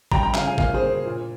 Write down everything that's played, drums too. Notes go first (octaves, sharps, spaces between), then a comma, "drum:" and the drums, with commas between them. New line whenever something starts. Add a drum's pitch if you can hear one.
G3 G5 A#5, drum: kick
G5 A#5
C#3 F5 G#5, drum: clap
F5 G#5
A#3 F5 G#5, drum: kick
G#4 C5
A#3
A#2